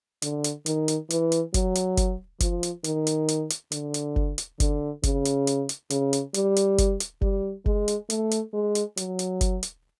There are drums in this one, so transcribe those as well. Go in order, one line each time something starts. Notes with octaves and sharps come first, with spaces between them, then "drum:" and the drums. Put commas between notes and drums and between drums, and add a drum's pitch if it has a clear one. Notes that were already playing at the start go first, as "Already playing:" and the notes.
D3, drum: hi-hat
drum: hi-hat
D#3, drum: hi-hat
drum: hi-hat
E3, drum: hi-hat
drum: hi-hat
F#3, drum: kick F#1, hi-hat
drum: hi-hat
drum: kick F#1, hi-hat
F3, drum: kick F#1, hi-hat
drum: hi-hat
D#3, drum: hi-hat
drum: hi-hat
drum: hi-hat
drum: hi-hat
D3, drum: hi-hat
drum: hi-hat
drum: kick F#1
drum: hi-hat
D3, drum: kick F#1, hi-hat
C#3, drum: kick F#1, hi-hat
drum: hi-hat
drum: hi-hat
drum: hi-hat
C#3, drum: hi-hat
drum: hi-hat
G3, drum: hi-hat
drum: hi-hat
drum: kick F#1, hi-hat
drum: hi-hat
G3, drum: kick F#1
G#3, drum: kick F#1
drum: hi-hat
A3, drum: hi-hat
drum: hi-hat
G#3
drum: hi-hat
F#3, drum: hi-hat
drum: hi-hat
drum: kick F#1, hi-hat
drum: hi-hat